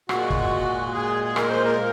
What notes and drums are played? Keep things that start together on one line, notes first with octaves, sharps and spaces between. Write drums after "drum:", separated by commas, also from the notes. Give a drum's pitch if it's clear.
A#2 G#3 F#4, drum: rim click
drum: kick
G#4
G#4
A#4, drum: rim click
C5
A#4
A#3